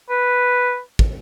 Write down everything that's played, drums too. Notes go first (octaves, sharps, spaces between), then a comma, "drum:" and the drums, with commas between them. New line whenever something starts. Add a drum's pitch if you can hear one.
B4
drum: kick